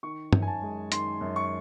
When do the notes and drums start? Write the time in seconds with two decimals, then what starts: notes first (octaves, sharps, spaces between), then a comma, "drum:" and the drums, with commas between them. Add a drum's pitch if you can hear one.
0.03 D#3 C#6
0.33 F#2, drum: tom G2
0.42 G#5
0.47 A5
0.62 G#3
0.92 D#3 C6, drum: hi-hat
1.21 F#2
1.36 C#6